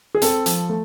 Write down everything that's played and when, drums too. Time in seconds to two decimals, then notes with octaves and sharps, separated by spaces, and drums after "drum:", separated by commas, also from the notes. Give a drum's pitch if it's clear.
0.15 G#4
0.22 C4 A4, drum: hi-hat
0.46 F3, drum: hi-hat
0.69 A3